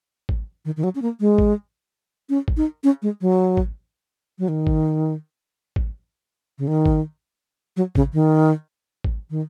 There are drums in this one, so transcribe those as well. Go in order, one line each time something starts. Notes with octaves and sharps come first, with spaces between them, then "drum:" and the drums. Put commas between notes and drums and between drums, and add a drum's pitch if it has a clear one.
drum: kick G#1
D#3
D#3
F#3
C#4
A#3
G#3
drum: kick G#1
C#4
drum: kick G#1
D#4
C#4
G#3
F#3
drum: kick G#1
F#3
D#3
drum: kick G#1
drum: kick G#1
C#3
D#3
drum: kick G#1
F#3
C#3, drum: kick G#1
D#3
drum: kick G#1
D#3